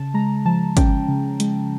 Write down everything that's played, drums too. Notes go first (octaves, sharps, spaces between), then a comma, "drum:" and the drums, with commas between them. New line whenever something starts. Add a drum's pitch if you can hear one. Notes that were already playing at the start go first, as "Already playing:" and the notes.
Already playing: C#3 A5
G#3 A#5
F3 A5
C#4 G5, drum: kick, hi-hat
C#3
G#3, drum: hi-hat